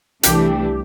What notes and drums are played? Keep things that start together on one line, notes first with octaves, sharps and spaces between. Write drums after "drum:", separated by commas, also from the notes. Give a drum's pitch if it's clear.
C2 E3 A3 D4 G4, drum: hi-hat